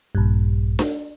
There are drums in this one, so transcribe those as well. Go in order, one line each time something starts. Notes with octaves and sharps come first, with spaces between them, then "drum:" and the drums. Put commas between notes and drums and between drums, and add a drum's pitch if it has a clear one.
A#1 G2
drum: snare D4